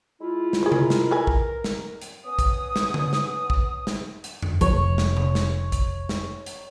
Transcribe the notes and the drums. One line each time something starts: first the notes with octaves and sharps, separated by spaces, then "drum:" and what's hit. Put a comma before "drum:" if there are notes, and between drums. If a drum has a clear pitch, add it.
G#3 E4 F4
drum: snare
G#4 A#4 C5
drum: tom C3
drum: snare
A4 B4 G#5
drum: kick A1
drum: snare
drum: hi-hat
B3 C#4 G#5 D#6
drum: kick A1, hi-hat
drum: snare
drum: tom C#3
drum: snare
drum: kick A1
drum: snare
drum: hi-hat
drum: tom F2
F1 F3 C#5, drum: kick A1, hi-hat
drum: snare
drum: tom C3
drum: snare
drum: kick A1, hi-hat
drum: snare
drum: hi-hat